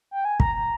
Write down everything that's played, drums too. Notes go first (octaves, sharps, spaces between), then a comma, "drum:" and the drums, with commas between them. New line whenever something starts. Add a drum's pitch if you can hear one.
G5
G#5
A#5, drum: kick
A#5